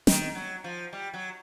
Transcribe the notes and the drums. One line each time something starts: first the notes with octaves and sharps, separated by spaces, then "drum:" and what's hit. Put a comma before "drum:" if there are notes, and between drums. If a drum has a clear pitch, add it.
D#3, drum: snare
F#3
F3
G3
F#3